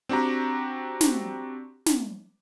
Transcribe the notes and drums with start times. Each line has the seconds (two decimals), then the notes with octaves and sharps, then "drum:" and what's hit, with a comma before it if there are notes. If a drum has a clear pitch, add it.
0.09 C4 D4 F#4 G4 A#5
1.01 drum: snare
1.86 drum: snare